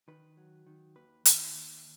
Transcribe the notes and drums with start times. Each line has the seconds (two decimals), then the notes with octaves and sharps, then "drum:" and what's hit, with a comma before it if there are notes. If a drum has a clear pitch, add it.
0.08 D#3 B4
0.37 F#3
0.66 D#3
0.96 D#2 B4
1.25 D#3, drum: hi-hat
1.54 D#2